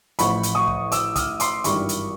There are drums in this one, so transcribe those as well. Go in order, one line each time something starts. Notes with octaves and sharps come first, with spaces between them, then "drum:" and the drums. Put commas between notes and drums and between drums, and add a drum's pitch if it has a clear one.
A1 A2 F3 B5 C#6, drum: hi-hat
drum: hi-hat
C#6 D#6
drum: kick
D6 E6, drum: hi-hat
D#6 F6, drum: kick, hi-hat
C6 D6, drum: hi-hat
G#1 G2 E3 G3 B5 C#6, drum: hi-hat
drum: hi-hat